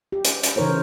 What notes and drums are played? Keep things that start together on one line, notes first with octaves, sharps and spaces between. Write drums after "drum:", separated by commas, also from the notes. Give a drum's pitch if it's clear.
G4
drum: hi-hat
drum: hi-hat
C#3 E3 D#4 A#4 C5 C#5